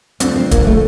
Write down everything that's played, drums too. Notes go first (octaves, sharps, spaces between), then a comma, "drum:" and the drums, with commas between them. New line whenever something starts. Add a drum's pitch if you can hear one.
D2 D3 F3 C4, drum: hi-hat
C4
A#3, drum: kick, hi-hat
A3